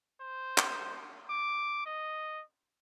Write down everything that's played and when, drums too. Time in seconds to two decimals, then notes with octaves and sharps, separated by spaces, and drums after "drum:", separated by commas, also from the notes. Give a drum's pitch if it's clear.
0.20 C5
0.58 drum: clap
1.30 D6
1.86 D#5